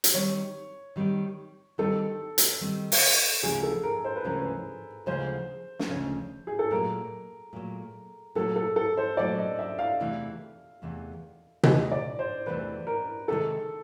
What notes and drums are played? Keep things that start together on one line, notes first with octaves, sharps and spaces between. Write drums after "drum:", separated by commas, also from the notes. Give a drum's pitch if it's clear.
drum: hi-hat
D#3 G3 C4 D#4 C#5
D#3 G3 C4 D#4
D#3 G3 C4 D#4 A4
drum: hi-hat
D#3 G3 C4 D#4
drum: open hi-hat
D2 C#3 F3 G#3 C#4 G#4
A4
A#4
C5
B4
D2 C#3 F3 G#3 C#4 A#4
B4
D2 C#3 F3 G#3 C#4 C5
drum: snare
D2 C#3 F3 G#3 C#4
G#4
A4
A#2 F#3 A3 A#4
A#2 F#3 A3
A#2 F#3 A3 A4
A4
A4
C5
A#2 F#3 A3 D5
D#5
E5
F5
E2 C3 E3 A3
E2 C3 E3 A3
E2 C3 E3 A3 D#5, drum: tom B2
D5
C5
E2 C3 E3 A3 B4
A#4
C3 D#3 G#3 A4